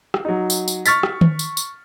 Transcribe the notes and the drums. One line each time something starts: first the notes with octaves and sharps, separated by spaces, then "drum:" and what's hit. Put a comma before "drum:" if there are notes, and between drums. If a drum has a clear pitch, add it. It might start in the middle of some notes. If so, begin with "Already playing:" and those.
drum: rim click
F#3 D#4
drum: tambourine
drum: tambourine
C#6 F6 A6 B6, drum: tambourine
drum: rim click
drum: tom D#3
drum: tambourine
drum: tambourine